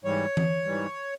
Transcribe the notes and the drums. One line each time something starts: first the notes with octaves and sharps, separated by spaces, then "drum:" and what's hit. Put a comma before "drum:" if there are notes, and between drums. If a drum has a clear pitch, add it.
G#2 E3 G3 C#5
drum: tom E3
G#2 E3 G3